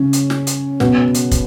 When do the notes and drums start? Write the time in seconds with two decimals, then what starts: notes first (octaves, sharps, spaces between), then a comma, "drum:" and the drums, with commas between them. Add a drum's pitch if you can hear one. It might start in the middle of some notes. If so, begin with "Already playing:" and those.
Already playing: C#3 C#4
0.13 drum: hi-hat
0.30 drum: snare
0.47 drum: hi-hat
0.80 B2 B3, drum: snare
1.15 drum: hi-hat
1.32 drum: kick, hi-hat